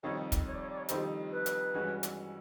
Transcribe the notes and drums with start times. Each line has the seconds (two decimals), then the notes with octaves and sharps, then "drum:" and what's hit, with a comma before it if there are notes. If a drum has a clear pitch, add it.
0.03 F2 C3 D#3 G3 C#5
0.32 drum: kick, hi-hat
0.46 C#5
0.54 D5
0.62 C#5
0.69 D5
0.77 C#5
0.89 F2 C3 D#3 G3 C5, drum: hi-hat
1.31 B4
1.46 drum: hi-hat
1.74 G2 E3 G#3 C#4 F#4
2.03 drum: hi-hat